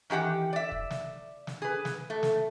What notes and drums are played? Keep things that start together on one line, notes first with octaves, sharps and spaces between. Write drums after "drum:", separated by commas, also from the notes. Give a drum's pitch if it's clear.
D#3 E3 G4 F#5 G5
D5 E5
drum: kick
drum: snare
drum: snare
G#4 B4
drum: snare
A3
drum: snare